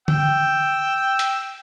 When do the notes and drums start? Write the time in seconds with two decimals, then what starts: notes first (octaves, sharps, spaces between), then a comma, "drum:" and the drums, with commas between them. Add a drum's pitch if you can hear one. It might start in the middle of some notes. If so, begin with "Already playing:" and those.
0.08 G5 E6, drum: tom D3
1.19 drum: hi-hat